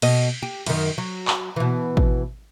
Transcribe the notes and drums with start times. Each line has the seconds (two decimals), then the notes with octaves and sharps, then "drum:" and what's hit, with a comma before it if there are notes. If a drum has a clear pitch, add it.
0.02 B2 D#5, drum: cymbal
0.43 G4
0.66 F#2 D#3, drum: cymbal
0.98 F#3
1.28 drum: clap
1.56 B2 E3
1.97 drum: kick